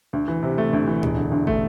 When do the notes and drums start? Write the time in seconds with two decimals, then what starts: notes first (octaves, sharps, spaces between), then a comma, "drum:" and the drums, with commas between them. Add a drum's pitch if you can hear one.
0.13 D2
0.28 E3
0.43 C3
0.58 A3
0.73 D2
0.87 E3
1.03 E1, drum: tom A2
1.17 D3
1.31 D2
1.47 A3, drum: kick